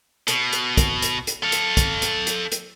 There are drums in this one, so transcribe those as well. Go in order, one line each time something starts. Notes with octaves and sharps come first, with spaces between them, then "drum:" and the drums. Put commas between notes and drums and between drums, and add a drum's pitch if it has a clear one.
B2, drum: hi-hat
drum: hi-hat
drum: kick, hi-hat
drum: hi-hat
drum: hi-hat
A4 F5
drum: hi-hat
drum: kick, hi-hat
drum: hi-hat
drum: hi-hat
drum: hi-hat